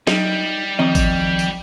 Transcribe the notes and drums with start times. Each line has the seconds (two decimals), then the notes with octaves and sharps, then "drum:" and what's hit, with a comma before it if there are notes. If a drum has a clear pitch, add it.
0.07 F#3 G3 D#4, drum: snare
0.79 F2 D#3 C4 D#5
0.95 drum: kick G#1, tambourine
1.39 drum: tambourine